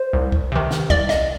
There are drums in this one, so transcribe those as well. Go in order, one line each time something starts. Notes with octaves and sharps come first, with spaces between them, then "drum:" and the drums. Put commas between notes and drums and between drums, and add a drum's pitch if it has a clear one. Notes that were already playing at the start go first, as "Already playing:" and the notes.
Already playing: C5
C2
drum: kick
C3 D#3
drum: snare
C2 D5, drum: kick
D#5, drum: snare